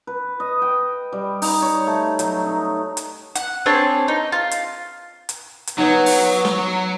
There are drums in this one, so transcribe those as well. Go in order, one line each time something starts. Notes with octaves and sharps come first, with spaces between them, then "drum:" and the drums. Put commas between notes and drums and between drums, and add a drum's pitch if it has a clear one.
B4
D#5
G5
G3
D#4, drum: open hi-hat
C#5
A3
F#3, drum: hi-hat
D#4
drum: hi-hat
F#5, drum: hi-hat
C4 D4 G#4 C#5
D#4
F4
drum: hi-hat
drum: hi-hat
drum: hi-hat
F#3 B3 D#4 C#5 F#5
drum: open hi-hat
drum: snare